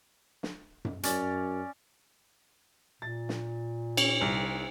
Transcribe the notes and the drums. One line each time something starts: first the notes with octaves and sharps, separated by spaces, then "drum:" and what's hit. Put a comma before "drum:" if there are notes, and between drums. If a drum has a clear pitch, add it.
drum: snare
drum: tom F#2
F#2 C#4 D5, drum: hi-hat
A#2 A6
drum: snare
C#4, drum: cymbal
C2